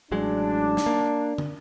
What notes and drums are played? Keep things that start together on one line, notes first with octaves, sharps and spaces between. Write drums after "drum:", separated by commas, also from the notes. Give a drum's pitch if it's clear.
A1 F#3 G#3 D4
drum: snare
A#3
drum: tom